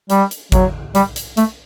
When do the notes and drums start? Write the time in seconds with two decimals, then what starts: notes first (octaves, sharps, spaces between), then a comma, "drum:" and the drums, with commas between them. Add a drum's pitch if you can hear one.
0.10 G3, drum: hi-hat
0.31 drum: hi-hat
0.52 F#3, drum: kick G#1, hi-hat
0.95 G3, drum: hi-hat
1.16 drum: hi-hat
1.37 A3, drum: hi-hat